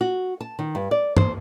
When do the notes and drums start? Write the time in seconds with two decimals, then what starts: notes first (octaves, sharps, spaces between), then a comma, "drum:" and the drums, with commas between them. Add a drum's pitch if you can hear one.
0.01 F#4
0.41 A5
0.59 D#3
0.75 G2
0.91 D5
1.17 C5, drum: tom G2